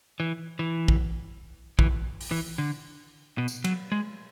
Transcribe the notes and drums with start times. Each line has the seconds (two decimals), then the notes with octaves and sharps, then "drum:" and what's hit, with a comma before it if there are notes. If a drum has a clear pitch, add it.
0.20 E3
0.59 E3
0.88 drum: kick
1.79 E3, drum: kick
2.21 drum: open hi-hat
2.31 E3
2.58 D3
3.38 B2
3.48 drum: tambourine
3.64 F#3, drum: cymbal
3.92 G#3